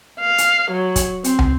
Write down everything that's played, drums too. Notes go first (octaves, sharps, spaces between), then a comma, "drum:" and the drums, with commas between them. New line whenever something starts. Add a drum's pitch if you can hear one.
F5
drum: hi-hat
F#3
drum: kick, hi-hat
C4, drum: hi-hat
drum: tom